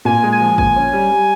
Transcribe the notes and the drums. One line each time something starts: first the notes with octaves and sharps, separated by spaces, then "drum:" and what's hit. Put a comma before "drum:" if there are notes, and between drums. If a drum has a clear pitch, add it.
A#2 G#5
G#3
G#5
F3
A#2 G#5, drum: kick
C#4
G3
G3